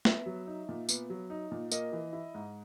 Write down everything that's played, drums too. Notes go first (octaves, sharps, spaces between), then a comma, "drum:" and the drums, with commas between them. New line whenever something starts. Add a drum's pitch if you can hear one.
B3 E5, drum: snare
F#3
D#4
A#2
B3, drum: tambourine
F#3
D#4
A#2
A#3 D#5, drum: tambourine
E3
E4
G#2